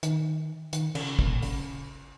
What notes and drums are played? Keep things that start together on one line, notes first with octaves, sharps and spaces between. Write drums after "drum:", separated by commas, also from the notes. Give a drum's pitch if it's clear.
D#3, drum: hi-hat
D#3, drum: hi-hat
C#3, drum: cymbal
A#2, drum: kick
C#3, drum: open hi-hat